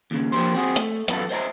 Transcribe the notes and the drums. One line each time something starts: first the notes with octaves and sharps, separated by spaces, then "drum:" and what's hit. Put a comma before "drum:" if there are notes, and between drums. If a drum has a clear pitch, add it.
D#2 C#3
F3 A#3 D4 G4 C5
C4 F#4 G#4
A3, drum: hi-hat
F#2 B3 D#4 F4 A4, drum: hi-hat
C5 D#5 E5 G#5 A#5